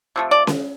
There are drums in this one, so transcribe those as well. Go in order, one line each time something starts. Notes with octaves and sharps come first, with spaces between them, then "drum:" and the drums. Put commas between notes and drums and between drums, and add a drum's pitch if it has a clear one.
C3 F3 A3
D5
drum: snare C#4